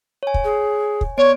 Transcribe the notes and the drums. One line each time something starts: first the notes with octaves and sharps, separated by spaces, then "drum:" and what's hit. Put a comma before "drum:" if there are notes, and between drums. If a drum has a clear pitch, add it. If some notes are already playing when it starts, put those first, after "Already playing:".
C#5 G#5
drum: kick
G#4
drum: kick
B3 C#5 D5 D7